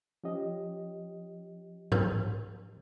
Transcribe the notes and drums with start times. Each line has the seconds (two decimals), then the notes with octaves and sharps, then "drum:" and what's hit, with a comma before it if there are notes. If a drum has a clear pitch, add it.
0.24 F3 C#4 G4 D#5
1.92 drum: tom G#2